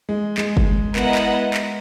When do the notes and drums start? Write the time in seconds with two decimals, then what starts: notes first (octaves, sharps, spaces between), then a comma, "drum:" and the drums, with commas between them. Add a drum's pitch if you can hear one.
0.09 G#3
0.38 G#3, drum: clap
0.57 drum: kick F#1
0.96 B3 E4 A#4 D#5 F#5, drum: clap
1.15 drum: clap
1.54 drum: clap